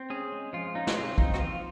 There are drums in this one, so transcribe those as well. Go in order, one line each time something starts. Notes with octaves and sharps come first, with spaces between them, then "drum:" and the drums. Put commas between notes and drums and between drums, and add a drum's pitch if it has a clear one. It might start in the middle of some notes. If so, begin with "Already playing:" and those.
Already playing: C4
C#4 G#4
G#3
F3 F4
C#4 D#4
F#4, drum: snare
C4 F4
C4 D#4, drum: kick
F#4, drum: rim click
F3 F4